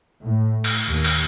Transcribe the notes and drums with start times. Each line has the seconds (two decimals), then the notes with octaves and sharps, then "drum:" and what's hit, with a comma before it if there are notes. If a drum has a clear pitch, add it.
0.22 A2
0.64 drum: cymbal
0.89 D#2
1.04 drum: cymbal